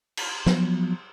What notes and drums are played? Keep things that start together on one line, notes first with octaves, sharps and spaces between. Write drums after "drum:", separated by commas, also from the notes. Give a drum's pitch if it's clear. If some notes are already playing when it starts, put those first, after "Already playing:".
drum: cymbal
F3 F#3 B3, drum: snare